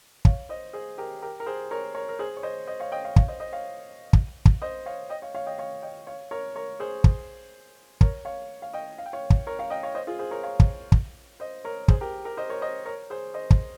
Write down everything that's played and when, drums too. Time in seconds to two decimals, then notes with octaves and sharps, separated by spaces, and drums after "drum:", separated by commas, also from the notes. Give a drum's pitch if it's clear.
0.25 C#5 F5, drum: kick
0.49 C5 D#5
0.73 G#4 C5
0.98 G4 A#4
1.22 G4 A#4
1.40 A#4
1.46 G#4 C5
1.71 A#4 C#5
1.95 A#4 C#5
2.09 A#4
2.19 G#4 C5
2.37 C#5
2.43 C5 D#5
2.67 C5 D#5
2.80 C#5 F5
2.92 D#5 G5
3.04 C#5 F5
3.16 C#5 F5, drum: kick
3.28 C5 D#5
3.40 C5 D#5
3.52 C#5 F5
4.13 drum: kick
4.45 drum: kick
4.62 C5 D#5
4.86 C#5 F5
5.10 D#5 G5
5.22 C#5 F5
5.34 C#5 F5
5.46 D#5 G5
5.58 C#5 F5
5.82 D#5 G5
6.07 C#5 F5
6.31 A#4 C#5
6.56 A#4 C#5
6.80 G#4 C5
7.04 drum: kick
8.01 A#4 C#5, drum: kick
8.25 C#5 F5
8.62 F5
8.73 D#5 G5
8.98 F5
9.06 G5
9.13 C#5 F5
9.30 drum: kick
9.47 A#4 C#5
9.59 C#5 F5
9.70 D#5 G5
9.83 C#5 F5
9.95 C5 D#5
10.07 F4 G#4
10.19 G#4 C5
10.31 A#4 C#5
10.43 C#5 F5
10.60 drum: kick
10.92 drum: kick
11.40 C5 D#5
11.65 A#4 C#5
11.88 G#4 C5, drum: kick
12.01 G4 A#4
12.25 G4 A#4
12.37 C5 D#5
12.50 A#4 C#5
12.61 C5 D#5
12.85 A#4 C#5
13.10 G#4 C5
13.34 C5 D#5
13.51 drum: kick